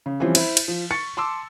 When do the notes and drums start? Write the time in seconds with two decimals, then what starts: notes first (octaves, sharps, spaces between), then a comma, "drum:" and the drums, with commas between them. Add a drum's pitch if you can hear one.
0.06 C#3
0.20 E3 F3 G3 C4 C#4
0.35 E4 C5, drum: cymbal
0.57 drum: cymbal
0.68 F3
0.91 C#6 A6 C#7
1.17 A5 C6 D6 E6